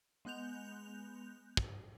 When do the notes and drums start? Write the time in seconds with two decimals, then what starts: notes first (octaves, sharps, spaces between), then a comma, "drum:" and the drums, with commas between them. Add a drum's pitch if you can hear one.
0.25 G#3 B3 F#6 G6 F7
1.57 drum: kick